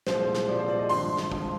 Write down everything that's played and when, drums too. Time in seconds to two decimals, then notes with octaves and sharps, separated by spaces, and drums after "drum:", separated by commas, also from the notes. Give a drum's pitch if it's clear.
0.07 C2 A#2 F3 G#3 C5, drum: snare
0.35 drum: snare
0.48 C2 A#2 F3 G#3 D5
0.59 C5
0.68 D5
0.79 D#5
0.89 G#1 G2 F3 C6, drum: open hi-hat
1.17 drum: snare
1.32 G#1 G2 F3, drum: kick